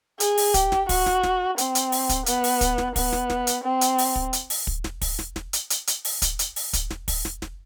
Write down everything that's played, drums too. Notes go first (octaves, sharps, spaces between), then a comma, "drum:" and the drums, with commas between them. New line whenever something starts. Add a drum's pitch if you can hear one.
G#4, drum: hi-hat
drum: open hi-hat
G4, drum: kick, hi-hat
drum: snare
F#4, drum: kick, open hi-hat
drum: snare
drum: snare
C4, drum: hi-hat
drum: hi-hat
drum: open hi-hat
drum: kick, hi-hat
B3, drum: hi-hat
drum: open hi-hat
drum: kick, hi-hat
drum: snare
B3, drum: kick, open hi-hat
drum: snare
drum: snare
drum: hi-hat
C4
drum: hi-hat
drum: open hi-hat
drum: kick
drum: hi-hat
drum: open hi-hat
drum: kick
drum: snare
drum: kick, open hi-hat
drum: snare
drum: snare
drum: hi-hat
drum: hi-hat
drum: hi-hat
drum: open hi-hat
drum: kick, hi-hat
drum: hi-hat
drum: open hi-hat
drum: kick, hi-hat
drum: snare
drum: kick, open hi-hat
drum: snare
drum: snare